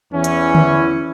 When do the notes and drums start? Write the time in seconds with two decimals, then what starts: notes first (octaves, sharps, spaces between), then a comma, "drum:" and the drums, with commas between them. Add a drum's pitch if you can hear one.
0.12 E2 E3 C#4
0.24 drum: hi-hat
0.55 E4, drum: tom D3